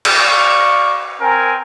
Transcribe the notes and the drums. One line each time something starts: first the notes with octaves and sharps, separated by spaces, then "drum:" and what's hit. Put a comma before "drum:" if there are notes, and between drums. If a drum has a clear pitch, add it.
drum: cymbal
D5 F5 C#6
C4 A#4 G5 G#5